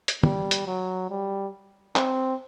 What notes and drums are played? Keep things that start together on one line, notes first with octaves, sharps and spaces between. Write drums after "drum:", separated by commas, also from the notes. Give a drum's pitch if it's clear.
drum: hi-hat
G3, drum: tom
drum: hi-hat
F#3
G3
C4, drum: clap